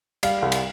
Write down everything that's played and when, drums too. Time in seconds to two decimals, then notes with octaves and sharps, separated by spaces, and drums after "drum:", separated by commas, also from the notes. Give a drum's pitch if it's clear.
0.23 G3 F5, drum: cymbal
0.42 C2
0.52 drum: cymbal